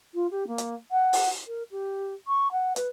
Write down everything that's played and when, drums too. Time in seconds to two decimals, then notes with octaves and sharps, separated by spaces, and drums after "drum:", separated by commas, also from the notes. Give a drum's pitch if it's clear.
0.14 F4
0.31 G4
0.47 A#3
0.58 drum: hi-hat
0.91 F#5
1.13 drum: open hi-hat
1.47 A#4
1.71 G4
2.27 C#6
2.52 F#5
2.76 B4, drum: hi-hat